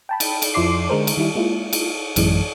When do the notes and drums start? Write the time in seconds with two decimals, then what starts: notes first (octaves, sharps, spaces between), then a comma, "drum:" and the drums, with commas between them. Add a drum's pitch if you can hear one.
0.09 G5 A5 B5
0.20 drum: cymbal
0.42 drum: cymbal
0.54 F2 F3 E4 C6 D6 C7
0.89 D3 G#3 A#4 C5
1.07 drum: cymbal
1.17 D#3 G3 E4
1.35 G#3 A#3 E4 F4
1.73 drum: cymbal
2.16 A1 F#2 E3 G#3, drum: cymbal